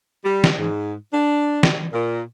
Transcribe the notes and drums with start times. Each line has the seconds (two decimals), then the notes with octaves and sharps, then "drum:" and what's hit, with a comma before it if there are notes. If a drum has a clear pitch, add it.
0.25 G3
0.44 drum: snare
0.59 G#2
1.12 D4
1.63 drum: snare
1.93 A#2